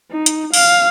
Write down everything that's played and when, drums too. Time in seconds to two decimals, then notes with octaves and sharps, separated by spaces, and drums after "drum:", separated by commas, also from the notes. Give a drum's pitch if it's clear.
0.12 D#4
0.26 drum: hi-hat
0.54 F5, drum: open hi-hat